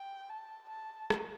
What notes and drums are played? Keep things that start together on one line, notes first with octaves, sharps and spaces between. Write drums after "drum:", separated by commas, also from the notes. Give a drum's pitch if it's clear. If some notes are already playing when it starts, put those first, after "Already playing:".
Already playing: G5
A5
A5
drum: rim click